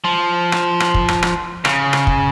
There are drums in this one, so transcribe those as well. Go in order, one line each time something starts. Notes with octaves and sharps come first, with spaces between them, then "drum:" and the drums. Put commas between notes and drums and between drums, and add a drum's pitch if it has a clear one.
F3
drum: rim click
drum: rim click
drum: kick
drum: rim click
drum: rim click
C#3, drum: rim click
drum: rim click
drum: kick